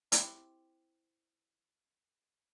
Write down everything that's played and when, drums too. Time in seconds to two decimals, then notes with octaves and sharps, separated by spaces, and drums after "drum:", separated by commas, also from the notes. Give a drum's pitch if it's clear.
0.12 C4 E4 G4, drum: hi-hat